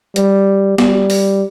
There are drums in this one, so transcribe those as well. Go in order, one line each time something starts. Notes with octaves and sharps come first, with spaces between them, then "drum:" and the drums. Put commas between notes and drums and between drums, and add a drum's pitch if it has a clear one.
G3, drum: hi-hat
G3, drum: snare
drum: open hi-hat